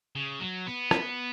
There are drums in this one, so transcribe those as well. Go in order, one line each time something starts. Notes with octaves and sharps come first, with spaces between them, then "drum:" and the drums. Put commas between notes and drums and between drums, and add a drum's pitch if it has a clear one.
C#3
F#3
B3
drum: rim click